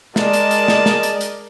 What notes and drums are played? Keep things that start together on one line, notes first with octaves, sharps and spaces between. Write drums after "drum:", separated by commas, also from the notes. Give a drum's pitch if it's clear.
G#3 A#4 D5 D#5 A5, drum: snare
drum: hi-hat
drum: hi-hat
drum: snare
drum: snare
drum: hi-hat
drum: hi-hat